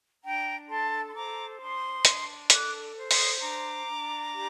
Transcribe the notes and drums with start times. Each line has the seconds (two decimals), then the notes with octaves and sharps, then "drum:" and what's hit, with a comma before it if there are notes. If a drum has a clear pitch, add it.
0.23 D4 G5 A#5
0.69 A4 A5 C6
1.08 C6
1.14 C5 A#5 D6
1.60 D4 C6 D#6
2.05 D4, drum: hi-hat
2.50 A4 D6 F#6, drum: hi-hat
2.95 C5
3.11 C6 D#6, drum: open hi-hat
3.41 D4 A#5 D6
3.86 D4
4.31 G4